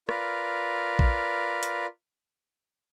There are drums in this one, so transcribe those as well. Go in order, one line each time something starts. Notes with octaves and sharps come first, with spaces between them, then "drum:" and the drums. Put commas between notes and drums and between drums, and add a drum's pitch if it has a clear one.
F4 A#4 B4 D5, drum: rim click
drum: kick A#1
drum: hi-hat